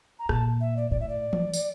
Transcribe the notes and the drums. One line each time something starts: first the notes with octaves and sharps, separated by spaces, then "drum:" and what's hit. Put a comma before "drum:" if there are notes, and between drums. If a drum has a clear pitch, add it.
A#5
A#2 A5, drum: rim click
E5
D5
A2 D5
E5
D5
drum: tom E3
drum: tambourine